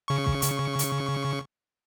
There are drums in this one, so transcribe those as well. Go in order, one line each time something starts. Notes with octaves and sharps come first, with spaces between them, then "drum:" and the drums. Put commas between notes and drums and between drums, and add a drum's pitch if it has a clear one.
C#3 C#6
drum: kick
drum: hi-hat
drum: hi-hat